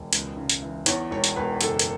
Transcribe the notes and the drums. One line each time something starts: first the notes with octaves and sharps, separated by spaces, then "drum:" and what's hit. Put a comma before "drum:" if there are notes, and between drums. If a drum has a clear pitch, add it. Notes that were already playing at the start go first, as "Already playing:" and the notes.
Already playing: E1
C#2, drum: hi-hat
C#3
drum: hi-hat
E3
E2 C#5, drum: hi-hat
E1 C#5
drum: hi-hat
E1 B4
F#1 A4, drum: hi-hat
drum: hi-hat